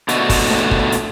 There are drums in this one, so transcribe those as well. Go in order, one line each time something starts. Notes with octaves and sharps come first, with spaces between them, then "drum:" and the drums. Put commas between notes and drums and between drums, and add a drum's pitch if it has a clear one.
B2 D3 A3 F#4, drum: hi-hat
drum: kick, open hi-hat
drum: snare D#4
drum: kick
drum: hi-hat